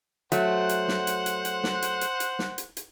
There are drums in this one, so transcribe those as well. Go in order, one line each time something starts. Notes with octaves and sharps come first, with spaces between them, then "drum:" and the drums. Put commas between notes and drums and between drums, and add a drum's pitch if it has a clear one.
F#3 A3 C5 F#5, drum: hi-hat
drum: hi-hat
drum: snare
drum: hi-hat
drum: hi-hat
drum: hi-hat
drum: snare
drum: hi-hat
drum: hi-hat
drum: hi-hat
drum: snare
drum: hi-hat
drum: hi-hat